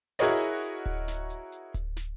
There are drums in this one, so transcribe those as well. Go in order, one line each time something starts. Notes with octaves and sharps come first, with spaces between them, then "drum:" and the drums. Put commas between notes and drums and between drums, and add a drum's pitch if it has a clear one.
E4 F#4 G#4 A#4 C#5 D#5, drum: snare
drum: hi-hat
drum: hi-hat
drum: kick D1
drum: snare
drum: hi-hat
drum: hi-hat
drum: kick D1, hi-hat
drum: snare